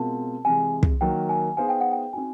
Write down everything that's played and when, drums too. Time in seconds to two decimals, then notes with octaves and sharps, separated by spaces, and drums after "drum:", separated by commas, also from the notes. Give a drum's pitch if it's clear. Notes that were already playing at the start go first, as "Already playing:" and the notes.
Already playing: B2 G#3 C4 F4 A#4 A5
0.45 C3 E3 G#3 G#5
0.83 drum: kick
1.01 D#3 F#3 A#3 G5
1.29 G#5
1.57 B3 D#4 G#4 C5 F5 G#5
1.69 G5
1.80 F#5
1.92 G5
2.13 C4 D#4 F#4 G#5